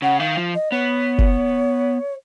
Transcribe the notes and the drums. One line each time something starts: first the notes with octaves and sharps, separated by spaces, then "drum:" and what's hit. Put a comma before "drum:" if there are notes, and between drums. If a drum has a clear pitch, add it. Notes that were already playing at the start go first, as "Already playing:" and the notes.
C#3 F#5
D#3 F5
F3
D#5
B3 C#5
drum: kick F#1